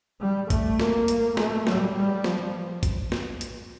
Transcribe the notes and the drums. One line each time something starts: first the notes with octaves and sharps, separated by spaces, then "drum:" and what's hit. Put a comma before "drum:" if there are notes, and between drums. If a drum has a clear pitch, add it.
G3
A3, drum: kick, hi-hat
A#3, drum: snare
drum: hi-hat
A3, drum: snare
G3, drum: snare
G3
F3, drum: snare
drum: kick, hi-hat
drum: snare
drum: hi-hat